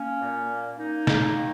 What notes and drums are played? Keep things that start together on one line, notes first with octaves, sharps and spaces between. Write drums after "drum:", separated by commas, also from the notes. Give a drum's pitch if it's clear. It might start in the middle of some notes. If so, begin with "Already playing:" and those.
Already playing: A#3 C#4
A#2
A#3
A#3 D#4
A#3, drum: snare
D#3